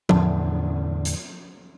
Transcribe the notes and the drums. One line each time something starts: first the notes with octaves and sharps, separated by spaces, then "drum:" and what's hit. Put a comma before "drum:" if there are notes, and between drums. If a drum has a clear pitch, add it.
E2 A2 D3, drum: tom F3
drum: hi-hat